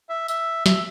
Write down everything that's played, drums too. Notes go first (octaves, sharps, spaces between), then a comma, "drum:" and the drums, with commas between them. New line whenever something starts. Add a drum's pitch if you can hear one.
E5
E5, drum: tambourine
E5, drum: snare